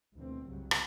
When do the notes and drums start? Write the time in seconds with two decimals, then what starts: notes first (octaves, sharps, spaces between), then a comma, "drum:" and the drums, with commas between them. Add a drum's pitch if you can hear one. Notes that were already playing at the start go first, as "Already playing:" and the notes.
0.14 D2 B2 E3 C4
0.45 C2 G2 C#3 F#3
0.71 drum: rim click